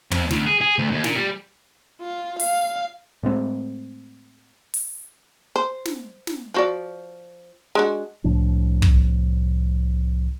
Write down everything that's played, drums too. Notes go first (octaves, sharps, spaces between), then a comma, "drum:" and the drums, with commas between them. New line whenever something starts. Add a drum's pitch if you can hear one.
F2, drum: tom
D2, drum: snare
G#4
G#4
D2
D#2
A#2, drum: snare
G3
F4
F5, drum: open hi-hat
A2 G#3 C4
drum: open hi-hat
C5
drum: snare
drum: snare
F3 F#4 D5
G#3 D4 F#4
C2 A2 F3 D4
drum: kick